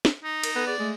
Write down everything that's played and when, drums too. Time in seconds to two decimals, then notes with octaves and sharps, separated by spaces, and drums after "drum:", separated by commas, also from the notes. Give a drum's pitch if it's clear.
0.05 drum: snare
0.24 D#4
0.43 A#4, drum: cymbal
0.56 B3 A4
0.67 G#4 D5
0.79 G#3 A3